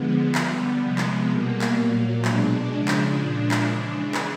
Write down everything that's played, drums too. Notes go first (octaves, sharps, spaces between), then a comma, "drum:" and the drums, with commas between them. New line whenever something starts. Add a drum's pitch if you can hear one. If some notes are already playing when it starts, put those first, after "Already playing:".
Already playing: D3 F3 G#3 B3
D3 G3 B3, drum: clap
C3 F3 G#3
drum: clap
B2 G3 A#3
drum: clap
A#2 F#3
B2 G#3 D4, drum: clap
C#3 F3 G#3 D4
drum: clap
A#2 F3 G#3
drum: clap
C#3 E3 G#3 D4
drum: clap